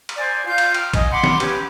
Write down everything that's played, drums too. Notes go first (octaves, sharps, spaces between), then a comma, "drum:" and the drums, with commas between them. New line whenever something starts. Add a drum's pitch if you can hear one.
drum: cymbal
C5 D5 G#5
F4 F5 G6
drum: cymbal
G5 F6, drum: cymbal
D#5 G#5, drum: kick A#1, cymbal
F#5 B5 C6 D6
drum: snare
C#4 G4 B4, drum: cymbal